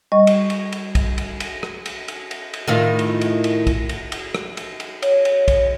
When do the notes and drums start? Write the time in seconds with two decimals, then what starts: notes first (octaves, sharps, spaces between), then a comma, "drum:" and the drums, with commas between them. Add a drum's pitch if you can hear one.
0.12 G3 D#5 C#6
0.27 drum: cymbal
0.50 drum: cymbal
0.72 drum: cymbal
0.95 drum: kick, cymbal
1.18 drum: cymbal
1.40 drum: cymbal
1.63 drum: rim click
1.86 drum: cymbal
2.08 drum: cymbal
2.31 drum: cymbal
2.53 drum: cymbal
2.68 A2 D#3 F4
2.99 drum: cymbal
3.21 drum: cymbal
3.44 drum: cymbal
3.67 drum: kick, cymbal
3.89 drum: cymbal
4.12 drum: cymbal
4.35 drum: rim click
4.57 drum: cymbal
4.80 drum: cymbal
5.02 C#5, drum: cymbal
5.25 drum: cymbal
5.48 drum: kick, cymbal